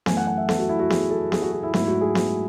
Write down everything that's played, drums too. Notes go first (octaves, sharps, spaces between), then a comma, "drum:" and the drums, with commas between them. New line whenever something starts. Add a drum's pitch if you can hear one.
F#2 E3 A3 G#5, drum: snare B3
F#5
F#5
E5
A4, drum: snare B3
F#4
E4
F#4
G#4, drum: snare B3
A4
G#4, drum: snare B3
F#4
F#4
E4
G#2 F#3 A3 E4, drum: snare B3
F#4
G#4
drum: snare B3